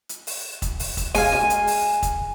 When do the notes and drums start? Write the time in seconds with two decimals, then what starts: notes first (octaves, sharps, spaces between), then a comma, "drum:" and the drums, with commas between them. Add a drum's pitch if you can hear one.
0.09 drum: hi-hat
0.27 drum: open hi-hat
0.62 drum: kick, hi-hat
0.80 drum: open hi-hat
0.97 drum: kick, hi-hat
1.15 G#3 F5 G#5, drum: kick, open hi-hat
1.32 drum: snare
1.50 drum: hi-hat
1.67 drum: open hi-hat
2.02 drum: kick, hi-hat